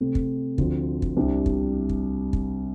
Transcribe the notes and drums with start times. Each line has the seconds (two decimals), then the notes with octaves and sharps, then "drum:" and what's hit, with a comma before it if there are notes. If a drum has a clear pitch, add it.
0.01 C3 A3 C4
0.15 drum: kick
0.58 D2 D3 F3 C4, drum: kick
1.02 drum: kick
1.17 C2 C3 G3 D4
1.46 drum: kick
1.89 drum: kick
2.33 drum: kick